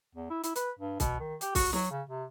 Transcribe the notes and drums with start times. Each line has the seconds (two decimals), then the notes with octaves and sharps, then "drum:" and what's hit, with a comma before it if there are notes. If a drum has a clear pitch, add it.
0.15 E2
0.30 E4
0.44 E4, drum: hi-hat
0.56 B4, drum: hi-hat
0.79 G2
1.00 B2, drum: kick C2, hi-hat
1.20 D#3
1.41 G4, drum: hi-hat
1.55 F#4, drum: kick C2, open hi-hat
1.73 F#3, drum: snare
1.91 C#3
2.09 C3